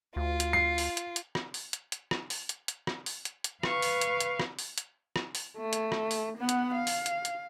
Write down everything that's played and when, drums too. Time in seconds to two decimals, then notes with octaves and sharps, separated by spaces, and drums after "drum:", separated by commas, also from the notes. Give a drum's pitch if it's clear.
0.16 D2 F4
0.40 drum: hi-hat
0.53 C7
0.78 drum: open hi-hat
0.97 drum: hi-hat
1.16 drum: hi-hat
1.35 drum: rim click
1.54 drum: open hi-hat
1.73 drum: hi-hat
1.92 drum: hi-hat
2.11 drum: rim click
2.30 drum: open hi-hat
2.49 drum: hi-hat
2.68 drum: hi-hat
2.87 drum: rim click
3.06 drum: open hi-hat
3.25 drum: hi-hat
3.44 drum: hi-hat
3.63 B4 F5 C#6, drum: rim click
3.82 drum: open hi-hat
4.01 drum: hi-hat
4.20 drum: hi-hat
4.40 drum: rim click
4.59 drum: open hi-hat
4.78 drum: hi-hat
5.16 drum: rim click
5.35 drum: open hi-hat
5.57 A3
5.73 drum: hi-hat
5.92 drum: rim click
6.11 drum: open hi-hat
6.38 B3 F#5
6.49 drum: hi-hat
6.74 F5
6.87 drum: open hi-hat
7.06 drum: hi-hat
7.25 drum: hi-hat